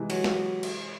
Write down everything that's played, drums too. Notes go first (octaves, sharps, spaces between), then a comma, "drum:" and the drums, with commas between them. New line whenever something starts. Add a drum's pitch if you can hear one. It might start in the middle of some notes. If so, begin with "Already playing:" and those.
Already playing: C3 E3 G#3
F#3, drum: cymbal
drum: snare
drum: cymbal